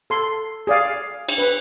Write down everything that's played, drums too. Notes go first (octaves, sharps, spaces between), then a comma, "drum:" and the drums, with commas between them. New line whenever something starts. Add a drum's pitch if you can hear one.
A4 C6
G#4 D5 F5
drum: cymbal
B4